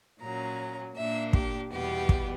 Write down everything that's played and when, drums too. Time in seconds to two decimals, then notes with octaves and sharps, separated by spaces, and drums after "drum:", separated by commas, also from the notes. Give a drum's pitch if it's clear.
0.21 A#2 F#3 C#4 A#5
0.96 A#2 A#3 D4 E5
1.33 G4, drum: kick
1.71 E2 B2 G3 B3 G4
2.09 drum: kick